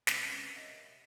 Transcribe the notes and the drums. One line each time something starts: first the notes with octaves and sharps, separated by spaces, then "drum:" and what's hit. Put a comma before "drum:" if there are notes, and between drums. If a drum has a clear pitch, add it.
C3 G#3 C#4 D4 B4, drum: snare
G4 A#4 C#5 D#5 E5 F#5